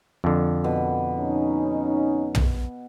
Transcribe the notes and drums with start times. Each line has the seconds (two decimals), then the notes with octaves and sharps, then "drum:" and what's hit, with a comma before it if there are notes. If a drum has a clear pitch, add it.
0.24 F2 D3
0.64 B2
1.19 C#4 D#4
2.35 drum: tom